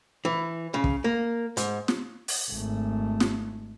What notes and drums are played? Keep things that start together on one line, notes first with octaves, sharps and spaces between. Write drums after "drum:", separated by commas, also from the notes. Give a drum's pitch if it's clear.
E3
C#3
drum: kick
A#3
G#2, drum: hi-hat
drum: snare
drum: open hi-hat
G#1 A3
drum: snare